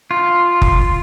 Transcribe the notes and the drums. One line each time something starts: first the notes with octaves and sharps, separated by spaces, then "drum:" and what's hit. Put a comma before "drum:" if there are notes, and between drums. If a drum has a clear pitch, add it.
F4
drum: kick F#1